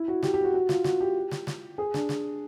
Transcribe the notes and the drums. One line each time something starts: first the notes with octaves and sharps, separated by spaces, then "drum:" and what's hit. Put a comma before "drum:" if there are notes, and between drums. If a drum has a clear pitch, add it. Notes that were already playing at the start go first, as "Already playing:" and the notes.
Already playing: E4
F#4
G4, drum: snare
G4
F#4
F#4
F4, drum: snare
F#4, drum: snare
G4
drum: snare
drum: snare
G#4
D4, drum: snare
drum: snare